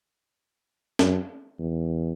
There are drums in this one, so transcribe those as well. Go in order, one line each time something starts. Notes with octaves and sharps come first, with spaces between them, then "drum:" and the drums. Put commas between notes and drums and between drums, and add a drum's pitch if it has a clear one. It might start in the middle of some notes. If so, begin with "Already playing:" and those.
F#2, drum: snare
E2